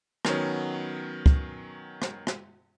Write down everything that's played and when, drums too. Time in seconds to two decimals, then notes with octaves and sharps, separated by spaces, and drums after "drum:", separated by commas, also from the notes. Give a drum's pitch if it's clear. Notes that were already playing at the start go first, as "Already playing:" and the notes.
0.25 D#3 F#3 B3 C#4, drum: rim click
1.26 drum: kick
2.02 drum: rim click
2.27 drum: rim click